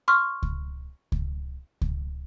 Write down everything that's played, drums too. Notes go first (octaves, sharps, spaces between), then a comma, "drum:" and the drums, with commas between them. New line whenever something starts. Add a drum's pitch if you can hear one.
C6 C#6 F6
drum: kick C#2
drum: kick C#2
drum: kick C#2